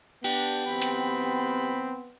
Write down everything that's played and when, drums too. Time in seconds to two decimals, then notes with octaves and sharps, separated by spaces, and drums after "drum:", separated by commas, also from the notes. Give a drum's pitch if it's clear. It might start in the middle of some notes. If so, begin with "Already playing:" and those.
0.24 B3 D4 G4, drum: cymbal
0.67 F#2 E3 C4 B5
0.82 drum: hi-hat